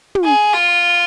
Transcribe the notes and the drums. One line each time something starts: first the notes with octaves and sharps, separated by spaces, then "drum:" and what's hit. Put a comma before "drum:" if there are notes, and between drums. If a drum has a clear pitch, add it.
drum: tom
G#4
F4